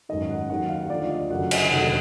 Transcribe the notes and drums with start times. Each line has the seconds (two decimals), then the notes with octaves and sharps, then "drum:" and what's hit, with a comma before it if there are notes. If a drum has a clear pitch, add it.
0.09 G#1 F#2 D#3 D#5
0.30 F#5
0.49 D#2 D#3 F#3 F#5
0.69 F5
0.90 D2 D3 F3 D5
1.01 D5
1.10 D#5
1.30 F#1 F#2 D3 F#3 F#5
1.51 G#5, drum: cymbal
1.71 F1 D#2 D3 F#3 F#5